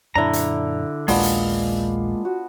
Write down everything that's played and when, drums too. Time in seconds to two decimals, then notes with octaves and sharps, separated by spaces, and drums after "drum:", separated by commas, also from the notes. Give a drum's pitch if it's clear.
0.15 F#2 A#2 D3 D4 E4 A#5
0.33 drum: hi-hat
1.08 A#1 D#2 A#2 G#3 A#3 B3 D4 F4, drum: open hi-hat
1.23 drum: hi-hat
2.25 F#4